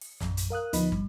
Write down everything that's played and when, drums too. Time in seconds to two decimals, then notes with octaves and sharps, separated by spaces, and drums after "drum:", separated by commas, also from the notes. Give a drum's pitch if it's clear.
0.01 drum: open hi-hat
0.20 A#1 F#2, drum: snare
0.37 drum: hi-hat
0.50 A#4 F5 D#6 F#6
0.73 D2 F3 B3 D#4 D#5 B5, drum: hi-hat
0.92 G2, drum: kick